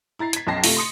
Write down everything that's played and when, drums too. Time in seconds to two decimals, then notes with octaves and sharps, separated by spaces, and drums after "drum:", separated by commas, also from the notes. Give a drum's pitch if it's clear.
0.19 E4 A#5 A6 C7
0.33 G#6 B6, drum: hi-hat
0.47 B1 F#2 G5 A5 A#6 C7
0.64 C3 A3 F4 F7, drum: open hi-hat
0.77 C6 D#6 C#7